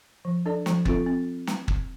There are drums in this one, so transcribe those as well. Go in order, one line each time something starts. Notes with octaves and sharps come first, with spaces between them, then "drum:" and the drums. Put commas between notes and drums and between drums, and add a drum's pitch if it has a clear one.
F3
D4 A4 D5
F3, drum: snare
C4 F4 A4, drum: kick
C4
drum: snare
drum: kick